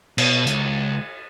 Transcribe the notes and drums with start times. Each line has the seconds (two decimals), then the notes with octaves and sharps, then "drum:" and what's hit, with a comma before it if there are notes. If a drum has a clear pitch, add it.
0.18 B2, drum: cymbal
0.47 C#2, drum: hi-hat